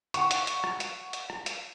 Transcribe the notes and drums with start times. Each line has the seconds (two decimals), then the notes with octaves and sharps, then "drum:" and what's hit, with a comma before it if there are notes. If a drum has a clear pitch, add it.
0.14 F#5 C#6, drum: hi-hat
0.31 drum: hi-hat
0.47 drum: hi-hat
0.64 drum: rim click
0.80 drum: hi-hat
1.13 drum: hi-hat
1.30 drum: rim click
1.46 drum: hi-hat